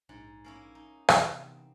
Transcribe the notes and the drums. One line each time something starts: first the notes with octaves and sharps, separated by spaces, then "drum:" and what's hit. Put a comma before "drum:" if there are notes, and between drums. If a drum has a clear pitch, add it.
A#1 G#2
A#3 C#4 E4
D#4
C3 E3 B3 C4, drum: rim click